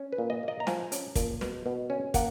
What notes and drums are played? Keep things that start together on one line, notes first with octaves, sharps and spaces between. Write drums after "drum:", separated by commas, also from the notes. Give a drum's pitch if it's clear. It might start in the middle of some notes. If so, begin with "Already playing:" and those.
Already playing: C#4
B4
A#2
D#5
A#3 D#5
A#5
F3 G#5, drum: snare
C#4, drum: hi-hat
A#2, drum: kick, hi-hat
B2, drum: snare
B2
C#4
A#3 F#5, drum: kick, hi-hat